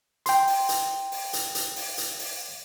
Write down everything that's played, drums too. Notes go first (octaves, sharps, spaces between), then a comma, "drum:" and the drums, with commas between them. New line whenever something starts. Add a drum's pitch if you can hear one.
G5 C6, drum: hi-hat
drum: open hi-hat
drum: hi-hat
drum: open hi-hat
drum: hi-hat
drum: hi-hat
drum: open hi-hat
drum: hi-hat
drum: open hi-hat